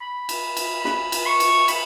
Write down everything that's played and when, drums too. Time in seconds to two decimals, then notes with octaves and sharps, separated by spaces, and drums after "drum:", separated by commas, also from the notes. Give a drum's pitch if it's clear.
0.01 B5
0.29 drum: cymbal
0.57 drum: cymbal
0.85 B5, drum: snare
1.12 drum: cymbal
1.26 C#6
1.40 drum: cymbal
1.68 B5, drum: cymbal